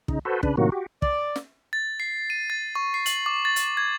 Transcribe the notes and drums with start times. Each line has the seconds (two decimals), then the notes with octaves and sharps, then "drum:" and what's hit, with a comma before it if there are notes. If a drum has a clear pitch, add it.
0.08 C#3 D#4, drum: kick
0.25 F#4 A4 B4 C5
0.43 C#3 D4 B4, drum: kick
0.57 A2 C3 D#3 F#3 A#3 F#4
0.72 F#4 G4
1.02 D5, drum: kick
1.36 drum: snare
1.73 A6
2.00 C7
2.30 D#7
2.50 A6
2.75 C#6
2.94 C7
3.06 F#7, drum: hi-hat
3.26 D6
3.45 A6
3.56 drum: hi-hat
3.77 G#6